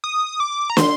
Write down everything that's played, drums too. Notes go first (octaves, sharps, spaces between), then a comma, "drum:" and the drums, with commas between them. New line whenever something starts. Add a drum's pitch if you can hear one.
D#6
D6
A#5
C6, drum: snare